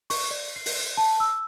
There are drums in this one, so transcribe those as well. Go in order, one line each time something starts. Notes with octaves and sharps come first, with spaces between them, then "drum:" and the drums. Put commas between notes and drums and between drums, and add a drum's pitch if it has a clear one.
C#6, drum: open hi-hat
D5
C7
drum: open hi-hat
A5
E6